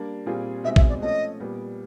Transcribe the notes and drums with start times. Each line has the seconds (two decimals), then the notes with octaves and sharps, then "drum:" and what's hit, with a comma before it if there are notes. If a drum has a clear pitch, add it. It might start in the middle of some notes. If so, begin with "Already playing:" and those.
Already playing: G3 A#3 D4
0.26 A#2 G3 C4 F4 G#4
0.64 B2 G#3 C4 D#4 F#4 E5
0.76 E5, drum: kick
0.89 D5
1.02 F3 A3 C#4 D#5
1.40 A#2 G3 B3